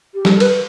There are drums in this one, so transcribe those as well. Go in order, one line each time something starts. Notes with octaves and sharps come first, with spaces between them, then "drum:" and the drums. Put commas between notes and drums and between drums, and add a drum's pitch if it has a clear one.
G4
G3 A4, drum: snare
A4
B4, drum: cymbal